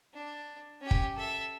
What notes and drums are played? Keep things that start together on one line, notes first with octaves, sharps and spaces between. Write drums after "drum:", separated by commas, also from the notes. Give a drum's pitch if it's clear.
D4
C#4 G4
drum: kick
A4 E5